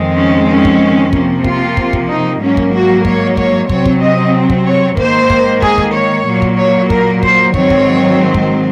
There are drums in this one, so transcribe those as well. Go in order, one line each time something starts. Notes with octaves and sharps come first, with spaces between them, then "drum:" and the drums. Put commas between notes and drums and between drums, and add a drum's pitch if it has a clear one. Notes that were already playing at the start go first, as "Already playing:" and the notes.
Already playing: F2 D#3 G#3 C4
C#4
C#4
drum: kick
C3 F3 A#3, drum: kick
F4, drum: kick
drum: kick
drum: kick
D#4
G#2 F#3 A#3 C#4
drum: kick
F#4
C#5, drum: kick
C#5, drum: kick
C3 F#3 C4 C#5, drum: kick
drum: kick
D#5
drum: kick
C#5
G#2 D#3 A#3 C5, drum: kick
drum: kick
G#4, drum: kick
drum: kick
C#5
A#2 F#3 A#3
drum: kick
C#5
A#4, drum: kick
C5, drum: kick
G#2 D#3 F#3 C4 C#5, drum: kick
drum: kick
drum: kick